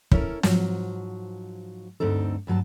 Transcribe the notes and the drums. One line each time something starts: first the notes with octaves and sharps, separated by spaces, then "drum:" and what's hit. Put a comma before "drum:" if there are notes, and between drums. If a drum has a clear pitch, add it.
C#4 E4 A4 A#4, drum: kick
G#2 F3 F#3, drum: snare
D2 G2 C4 D#4 A4
D2 G2 F#3 A5